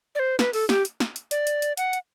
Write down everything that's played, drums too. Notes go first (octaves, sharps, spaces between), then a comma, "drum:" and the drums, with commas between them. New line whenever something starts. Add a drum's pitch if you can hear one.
D5
C5
B4, drum: snare
A4, drum: open hi-hat
G4, drum: snare
drum: hi-hat
drum: snare
drum: hi-hat
D5, drum: hi-hat
drum: hi-hat
drum: hi-hat
F#5, drum: hi-hat
drum: hi-hat